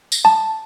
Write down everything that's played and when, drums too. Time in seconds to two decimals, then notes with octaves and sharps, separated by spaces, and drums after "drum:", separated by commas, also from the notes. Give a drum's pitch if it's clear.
0.12 drum: tambourine
0.25 A5